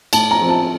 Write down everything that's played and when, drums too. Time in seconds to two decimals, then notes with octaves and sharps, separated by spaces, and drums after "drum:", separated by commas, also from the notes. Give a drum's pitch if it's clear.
0.13 A2 A5, drum: cymbal
0.31 A#5
0.41 F3 C4
0.49 A5